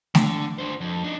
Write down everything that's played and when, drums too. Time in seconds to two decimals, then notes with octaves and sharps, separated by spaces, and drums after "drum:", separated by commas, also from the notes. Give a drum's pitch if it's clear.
0.15 D3, drum: snare A3
0.58 D4 C5
0.81 F2
1.04 D4 D#4